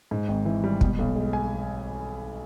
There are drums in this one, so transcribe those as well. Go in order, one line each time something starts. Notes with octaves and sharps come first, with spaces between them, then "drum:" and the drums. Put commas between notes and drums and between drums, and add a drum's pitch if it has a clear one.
G#2
G#1
E3
G3
B2, drum: kick
B1
G#3
G#5